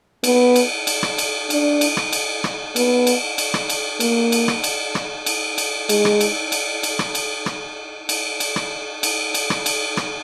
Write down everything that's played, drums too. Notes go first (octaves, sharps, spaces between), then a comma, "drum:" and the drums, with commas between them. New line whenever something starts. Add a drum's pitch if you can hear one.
B3, drum: cymbal
drum: cymbal
drum: cymbal
drum: rim click
drum: cymbal
D4, drum: cymbal
drum: cymbal
drum: rim click
drum: cymbal
drum: rim click
B3, drum: cymbal
drum: cymbal
drum: cymbal
drum: rim click
drum: cymbal
A#3, drum: cymbal
drum: cymbal
drum: rim click
drum: cymbal
drum: rim click
drum: cymbal
drum: cymbal
G#3, drum: cymbal
drum: rim click
drum: cymbal
drum: cymbal
drum: cymbal
drum: rim click
drum: cymbal
drum: rim click
drum: cymbal
drum: cymbal
drum: rim click
drum: cymbal
drum: cymbal
drum: rim click
drum: cymbal
drum: rim click